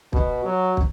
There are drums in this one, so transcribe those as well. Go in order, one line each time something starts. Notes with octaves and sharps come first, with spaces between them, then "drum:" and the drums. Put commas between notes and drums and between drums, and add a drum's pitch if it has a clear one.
B2, drum: kick
F#3
drum: kick